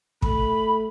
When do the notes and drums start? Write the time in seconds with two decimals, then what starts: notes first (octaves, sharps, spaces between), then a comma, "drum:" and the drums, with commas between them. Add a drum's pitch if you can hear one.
0.22 A3 B5, drum: kick